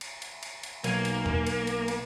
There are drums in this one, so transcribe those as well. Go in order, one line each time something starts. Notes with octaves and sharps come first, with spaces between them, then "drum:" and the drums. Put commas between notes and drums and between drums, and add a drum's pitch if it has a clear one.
drum: cymbal
drum: cymbal
drum: cymbal
drum: cymbal
B1 A#3 G#5, drum: cymbal
drum: cymbal
drum: tom E2
drum: cymbal
drum: cymbal
drum: cymbal